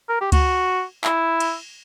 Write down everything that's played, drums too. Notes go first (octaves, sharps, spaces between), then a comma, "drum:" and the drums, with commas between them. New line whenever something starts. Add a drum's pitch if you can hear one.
A#4
G4
F#4, drum: kick C#2, cymbal
E4, drum: clap
drum: cymbal